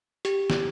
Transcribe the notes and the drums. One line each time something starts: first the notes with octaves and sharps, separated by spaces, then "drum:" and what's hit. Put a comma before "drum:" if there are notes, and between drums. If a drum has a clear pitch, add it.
G4, drum: hi-hat
drum: snare